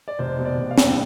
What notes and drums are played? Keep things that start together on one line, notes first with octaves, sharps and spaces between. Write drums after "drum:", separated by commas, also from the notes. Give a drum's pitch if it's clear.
D5
F1 C5
B2
D5
F1
F5
E2, drum: snare
G5